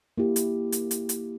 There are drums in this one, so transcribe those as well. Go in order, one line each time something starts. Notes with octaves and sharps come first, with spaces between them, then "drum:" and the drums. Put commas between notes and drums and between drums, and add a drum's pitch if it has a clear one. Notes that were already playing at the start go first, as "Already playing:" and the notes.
A#3 E4 G4
drum: hi-hat
drum: hi-hat
drum: hi-hat
drum: hi-hat